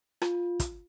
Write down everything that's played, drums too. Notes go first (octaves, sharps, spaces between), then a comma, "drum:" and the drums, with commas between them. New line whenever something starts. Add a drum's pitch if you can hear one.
F4, drum: rim click
drum: kick, hi-hat